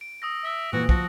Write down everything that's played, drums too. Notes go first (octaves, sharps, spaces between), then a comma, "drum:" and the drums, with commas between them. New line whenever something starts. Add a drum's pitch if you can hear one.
D7
D#6 E6 A#6
E5
F2 A#2 E3 F#4
F3 F#4, drum: kick